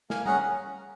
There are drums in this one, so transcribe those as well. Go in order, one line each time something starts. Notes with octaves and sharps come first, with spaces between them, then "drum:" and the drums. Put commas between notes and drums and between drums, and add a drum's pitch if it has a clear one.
A#3 F5 G#5, drum: snare
C#4 G#4 F#5 A#5, drum: tom G3